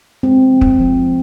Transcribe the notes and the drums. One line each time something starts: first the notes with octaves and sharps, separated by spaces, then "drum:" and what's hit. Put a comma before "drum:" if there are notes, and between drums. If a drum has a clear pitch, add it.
G#3 C4
F3
drum: kick
F3